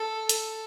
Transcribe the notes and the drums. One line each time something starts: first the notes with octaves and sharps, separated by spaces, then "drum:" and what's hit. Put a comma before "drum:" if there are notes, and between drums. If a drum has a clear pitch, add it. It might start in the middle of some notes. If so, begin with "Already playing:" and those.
Already playing: A4
A4, drum: hi-hat